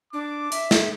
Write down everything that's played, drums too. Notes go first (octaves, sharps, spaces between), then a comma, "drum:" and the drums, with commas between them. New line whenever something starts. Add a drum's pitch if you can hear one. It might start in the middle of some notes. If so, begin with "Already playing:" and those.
D4 D6
E5, drum: hi-hat
drum: snare